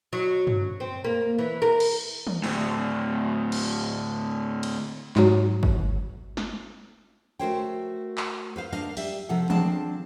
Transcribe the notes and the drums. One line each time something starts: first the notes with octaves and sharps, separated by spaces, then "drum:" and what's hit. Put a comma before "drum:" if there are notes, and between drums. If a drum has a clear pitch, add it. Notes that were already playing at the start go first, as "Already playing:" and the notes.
F#3
drum: tom
C4
A#3
E3
A#4
drum: cymbal
drum: tom
D2 A2, drum: open hi-hat
drum: cymbal
drum: cymbal
G#2 F#3, drum: clap
drum: kick
drum: snare
A3 F#4 A#4 C5 C#5 G5
drum: clap
B4 C5 F5
D4 A#4 D#5 F5
G3 E5, drum: open hi-hat
C3 F3 A4 F#5
F3 C4 D4 G#4 A5, drum: tom